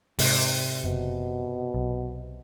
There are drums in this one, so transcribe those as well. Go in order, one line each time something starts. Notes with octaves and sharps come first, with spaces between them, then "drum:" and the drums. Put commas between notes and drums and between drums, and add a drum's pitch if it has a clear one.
G#2 C3, drum: open hi-hat
F#1 B2
B1